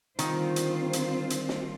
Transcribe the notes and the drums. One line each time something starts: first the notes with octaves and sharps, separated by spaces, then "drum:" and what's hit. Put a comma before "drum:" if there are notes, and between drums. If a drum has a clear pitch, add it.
D3 D#3 G3 C4 F4 C5, drum: hi-hat
drum: hi-hat
drum: hi-hat
drum: hi-hat
drum: snare